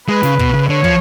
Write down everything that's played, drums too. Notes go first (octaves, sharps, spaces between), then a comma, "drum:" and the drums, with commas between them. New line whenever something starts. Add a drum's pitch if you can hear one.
G#3 B4
C#3, drum: snare
B2, drum: kick
C#3
D3 C#5
F3, drum: kick